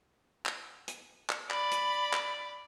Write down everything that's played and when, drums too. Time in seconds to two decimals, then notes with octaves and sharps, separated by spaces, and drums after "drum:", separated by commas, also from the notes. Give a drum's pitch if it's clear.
0.46 drum: clap
0.88 drum: hi-hat
1.30 drum: clap
1.51 D5 B5, drum: clap
1.71 drum: hi-hat
2.13 drum: clap